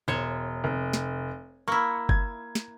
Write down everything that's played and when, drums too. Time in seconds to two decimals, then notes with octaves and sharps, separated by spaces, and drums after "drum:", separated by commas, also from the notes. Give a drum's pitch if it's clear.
0.08 E1 C5 C#5
0.64 F1
0.93 drum: snare
1.68 A#3 E4 C#6
2.09 G#6, drum: kick G1
2.55 drum: snare